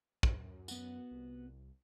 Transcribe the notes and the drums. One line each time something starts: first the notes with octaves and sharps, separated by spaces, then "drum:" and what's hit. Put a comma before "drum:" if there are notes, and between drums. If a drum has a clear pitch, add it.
F#2, drum: kick
B3 F#4, drum: tambourine
C2